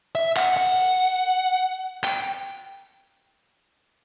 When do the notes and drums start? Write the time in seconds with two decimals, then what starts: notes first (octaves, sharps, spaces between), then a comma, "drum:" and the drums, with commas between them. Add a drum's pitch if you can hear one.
0.15 E5
0.36 F#5, drum: clap
0.57 F#5, drum: open hi-hat
2.04 G5, drum: clap